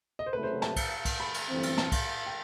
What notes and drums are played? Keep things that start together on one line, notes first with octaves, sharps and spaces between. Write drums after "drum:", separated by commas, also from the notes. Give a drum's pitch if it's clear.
D#5
C5
F#1 E2 C3 F#3 A3 B4
C5
A5, drum: snare
drum: kick C2, cymbal
drum: kick C2, cymbal
B5
drum: cymbal
G1 F#2 E3 A3 C4
drum: cymbal
A5, drum: snare
drum: kick C2, cymbal
G5